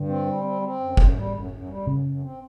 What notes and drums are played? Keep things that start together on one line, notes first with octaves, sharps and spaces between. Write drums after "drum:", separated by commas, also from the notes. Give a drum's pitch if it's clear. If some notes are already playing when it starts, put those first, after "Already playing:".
Already playing: G2 D3
C4
G3
C4
C4
F#2
F#2, drum: kick
G3
F#2
F#2
G3
F#2 C#3
F#2
C4